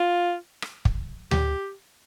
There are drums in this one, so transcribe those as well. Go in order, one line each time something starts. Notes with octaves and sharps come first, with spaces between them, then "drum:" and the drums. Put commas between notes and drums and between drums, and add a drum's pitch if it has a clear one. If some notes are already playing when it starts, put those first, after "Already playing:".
Already playing: F4
drum: rim click
drum: kick
G4, drum: tom D2